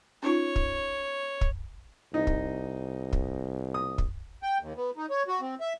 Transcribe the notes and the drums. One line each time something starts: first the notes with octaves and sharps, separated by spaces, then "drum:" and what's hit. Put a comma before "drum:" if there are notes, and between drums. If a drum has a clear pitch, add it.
C#4 D#4 F4 C#5
drum: kick
drum: kick
C2 D#4
drum: kick
drum: kick
D#6
drum: kick
G5
D#2
B3
D#4
C#5
F#4
C4
E5